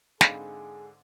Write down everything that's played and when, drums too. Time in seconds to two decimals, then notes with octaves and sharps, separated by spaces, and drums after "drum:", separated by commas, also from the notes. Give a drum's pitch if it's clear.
0.21 G#2 D3 C4 G#4 D#5 F5 B5, drum: snare